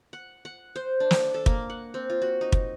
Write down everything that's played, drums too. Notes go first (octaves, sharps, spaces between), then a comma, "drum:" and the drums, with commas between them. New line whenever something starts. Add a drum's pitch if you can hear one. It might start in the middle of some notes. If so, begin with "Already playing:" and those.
F#5
F#5
C5
D4
drum: snare
A4
A#3, drum: kick
F#5
C4
F4
F#4
D#4
drum: kick